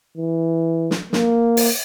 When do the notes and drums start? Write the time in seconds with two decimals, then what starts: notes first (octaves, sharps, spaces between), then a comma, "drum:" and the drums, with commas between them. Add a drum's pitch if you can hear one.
0.17 E3
0.91 drum: snare
1.13 A#3, drum: snare
1.57 drum: open hi-hat